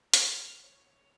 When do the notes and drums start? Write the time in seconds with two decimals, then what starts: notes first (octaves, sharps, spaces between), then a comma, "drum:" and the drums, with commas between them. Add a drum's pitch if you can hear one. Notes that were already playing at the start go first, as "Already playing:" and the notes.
0.14 F6, drum: hi-hat
0.61 C#5